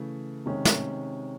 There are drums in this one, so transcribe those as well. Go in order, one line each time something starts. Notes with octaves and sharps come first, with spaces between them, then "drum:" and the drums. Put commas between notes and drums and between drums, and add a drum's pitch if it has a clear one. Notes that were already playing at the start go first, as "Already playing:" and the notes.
Already playing: C#3 E3 A3
C3 D#3 G#3 C#4
drum: snare